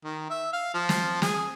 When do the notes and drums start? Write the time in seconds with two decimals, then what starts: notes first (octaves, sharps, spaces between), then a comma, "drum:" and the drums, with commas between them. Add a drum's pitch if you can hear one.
0.04 D#3
0.30 E5
0.53 F5
0.74 F3
0.89 drum: snare
1.22 G#4, drum: snare